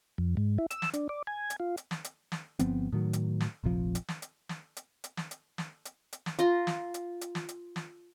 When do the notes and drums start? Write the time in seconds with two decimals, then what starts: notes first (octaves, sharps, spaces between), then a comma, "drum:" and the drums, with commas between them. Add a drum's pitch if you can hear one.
0.18 F2
0.37 G#2
0.58 E4
0.71 E6, drum: hi-hat
0.82 drum: snare
0.93 D4, drum: hi-hat
1.09 D5
1.27 G#5
1.50 drum: hi-hat
1.60 F4
1.77 drum: hi-hat
1.91 drum: snare
2.04 drum: hi-hat
2.32 drum: snare
2.59 G1 F3 B3 C4, drum: hi-hat
2.92 A2 D#3 F#3
3.13 drum: hi-hat
3.40 drum: snare
3.64 F1 A#1 C3 F3
3.95 drum: hi-hat
4.08 drum: snare
4.22 drum: hi-hat
4.49 drum: snare
4.77 drum: hi-hat
5.04 drum: hi-hat
5.17 drum: snare
5.31 drum: hi-hat
5.58 drum: snare
5.85 drum: hi-hat
6.13 drum: hi-hat
6.26 drum: snare
6.39 F4 A#5 C6, drum: hi-hat
6.67 drum: snare
6.94 drum: hi-hat
7.21 drum: hi-hat
7.35 drum: snare
7.49 drum: hi-hat
7.76 drum: snare